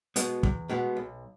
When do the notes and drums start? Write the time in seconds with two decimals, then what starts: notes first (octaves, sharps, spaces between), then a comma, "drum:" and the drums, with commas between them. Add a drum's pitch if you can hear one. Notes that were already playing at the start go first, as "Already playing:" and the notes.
0.16 B2 G#3 B3, drum: hi-hat
0.43 E2, drum: kick
0.69 B2 G#3 B3
0.97 B1